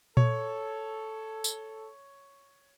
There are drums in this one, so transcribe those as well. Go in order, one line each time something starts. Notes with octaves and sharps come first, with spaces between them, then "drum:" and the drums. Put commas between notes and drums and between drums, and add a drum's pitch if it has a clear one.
A4 C#5, drum: tom A#2
drum: tambourine